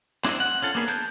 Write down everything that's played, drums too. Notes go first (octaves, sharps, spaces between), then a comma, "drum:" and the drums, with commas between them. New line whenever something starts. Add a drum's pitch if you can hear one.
C4 D4 E4, drum: clap
F#5
C#4 F4 A4
A#3 B3 D4 G#4 B4
A5 G6, drum: hi-hat